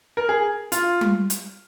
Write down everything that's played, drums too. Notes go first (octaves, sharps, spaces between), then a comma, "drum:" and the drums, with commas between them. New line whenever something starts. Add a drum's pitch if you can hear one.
A#4
G#4
F4, drum: hi-hat
drum: tom G3
drum: hi-hat